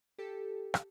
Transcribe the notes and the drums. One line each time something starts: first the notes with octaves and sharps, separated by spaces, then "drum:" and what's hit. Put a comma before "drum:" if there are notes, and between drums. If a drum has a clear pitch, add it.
G4 A4
drum: rim click